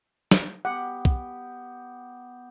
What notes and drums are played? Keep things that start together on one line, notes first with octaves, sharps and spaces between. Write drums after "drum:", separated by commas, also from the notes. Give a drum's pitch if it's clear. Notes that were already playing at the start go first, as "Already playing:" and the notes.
drum: snare
B3 G4 F#5
drum: kick